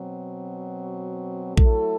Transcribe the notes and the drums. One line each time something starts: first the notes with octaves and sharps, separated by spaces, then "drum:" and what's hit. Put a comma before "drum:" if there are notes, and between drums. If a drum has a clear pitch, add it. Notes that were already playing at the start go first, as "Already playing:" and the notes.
Already playing: B2 F#3 C4
F#3 A3 E4 A4, drum: kick A#1